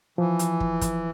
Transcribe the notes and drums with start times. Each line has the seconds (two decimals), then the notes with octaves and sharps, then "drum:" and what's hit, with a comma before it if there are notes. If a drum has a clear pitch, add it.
0.18 E3 F3
0.39 drum: hi-hat
0.60 drum: kick
0.81 drum: kick, hi-hat